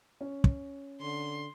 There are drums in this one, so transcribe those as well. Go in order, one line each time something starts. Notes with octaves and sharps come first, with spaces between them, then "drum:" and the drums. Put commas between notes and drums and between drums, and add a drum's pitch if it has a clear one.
C#4
drum: kick
D3 C6